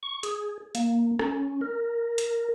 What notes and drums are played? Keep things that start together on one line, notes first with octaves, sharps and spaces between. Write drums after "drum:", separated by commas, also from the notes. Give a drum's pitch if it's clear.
C#6
G#4, drum: hi-hat
A#3, drum: hi-hat
C#4, drum: rim click
A#4
drum: hi-hat